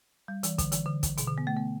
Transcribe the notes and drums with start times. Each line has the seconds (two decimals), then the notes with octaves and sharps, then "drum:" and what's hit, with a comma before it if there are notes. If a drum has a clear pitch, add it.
0.28 G3
0.43 E3, drum: hi-hat
0.58 D3, drum: kick, hi-hat
0.72 E3, drum: hi-hat
0.86 D3
1.03 drum: kick, hi-hat
1.18 B2, drum: hi-hat
1.27 D3
1.38 B3
1.47 A3
1.57 B3